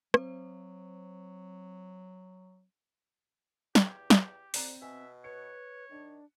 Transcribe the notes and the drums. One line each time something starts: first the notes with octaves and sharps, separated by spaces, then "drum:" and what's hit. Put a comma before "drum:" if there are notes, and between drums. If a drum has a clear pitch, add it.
F#3 C4 C5, drum: rim click
E2 G4 G5 G#6, drum: snare
drum: snare
F2 C4 D5 A#5 F#6, drum: open hi-hat
B2 E5 G#5
B4 C#5 C#7
D#3 D4